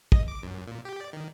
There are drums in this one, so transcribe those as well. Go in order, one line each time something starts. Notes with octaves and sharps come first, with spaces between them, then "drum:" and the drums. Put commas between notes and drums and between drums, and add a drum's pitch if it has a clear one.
D#5, drum: kick
D6
F#2
A#2
G4
D5
D#3